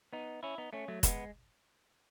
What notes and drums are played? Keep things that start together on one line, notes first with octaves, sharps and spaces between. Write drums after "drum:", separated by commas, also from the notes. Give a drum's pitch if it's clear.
B3 D#4
C#4 E4
B3 D#4
A3 C#4
F#3 A3
G#3 B3, drum: kick F1, hi-hat